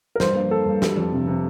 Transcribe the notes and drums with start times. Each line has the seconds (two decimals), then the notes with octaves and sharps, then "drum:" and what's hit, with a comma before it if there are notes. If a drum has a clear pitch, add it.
0.16 A#4
0.20 G2 C5, drum: snare
0.35 A#3
0.51 A#3 A4
0.65 G2
0.82 G3, drum: snare
0.97 F2
1.12 C3
1.27 C3